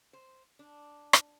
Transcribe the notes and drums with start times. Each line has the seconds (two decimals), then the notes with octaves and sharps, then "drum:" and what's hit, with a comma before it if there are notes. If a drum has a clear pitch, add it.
0.13 C5
0.59 D4
1.13 drum: rim click